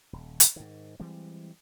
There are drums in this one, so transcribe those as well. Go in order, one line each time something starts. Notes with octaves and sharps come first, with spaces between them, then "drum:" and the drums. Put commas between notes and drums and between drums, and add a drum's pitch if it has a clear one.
D#1
drum: hi-hat
G#2 D#3
E3 G3 G#3 C4